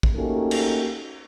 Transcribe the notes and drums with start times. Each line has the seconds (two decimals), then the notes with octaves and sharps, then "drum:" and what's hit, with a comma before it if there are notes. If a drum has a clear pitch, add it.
0.03 drum: kick
0.15 A3 A#3 C#4 D#4 F#4 G4
0.51 drum: cymbal